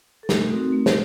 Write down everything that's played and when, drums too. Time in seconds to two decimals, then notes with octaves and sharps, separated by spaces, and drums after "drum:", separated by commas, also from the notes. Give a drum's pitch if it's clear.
0.23 A4
0.29 A3 A#4, drum: snare
0.50 C4 D#4 F#4
0.72 A3
0.86 drum: snare